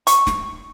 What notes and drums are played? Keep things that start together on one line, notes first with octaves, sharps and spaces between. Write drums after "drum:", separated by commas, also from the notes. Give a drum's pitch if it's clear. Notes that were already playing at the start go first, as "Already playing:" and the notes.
C#6, drum: hi-hat
drum: snare